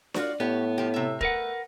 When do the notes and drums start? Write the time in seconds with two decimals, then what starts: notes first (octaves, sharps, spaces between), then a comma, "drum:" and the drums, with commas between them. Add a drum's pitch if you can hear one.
0.14 F4 F#4 D5, drum: snare D4
0.40 A2 B3 G4 C#5
0.78 F3 G4
0.94 C3 E5
1.21 A3 A#4 B4 F#5, drum: kick